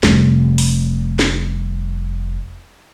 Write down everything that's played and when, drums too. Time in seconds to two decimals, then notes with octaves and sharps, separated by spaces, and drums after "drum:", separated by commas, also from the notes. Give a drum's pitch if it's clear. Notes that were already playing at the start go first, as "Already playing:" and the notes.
0.03 F1 G3, drum: snare
0.58 drum: open hi-hat
1.19 drum: snare